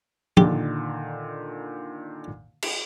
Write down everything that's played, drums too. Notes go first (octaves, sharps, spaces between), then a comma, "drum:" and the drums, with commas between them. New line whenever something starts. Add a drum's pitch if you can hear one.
A#2 D3 D#3 G4, drum: tom
drum: cymbal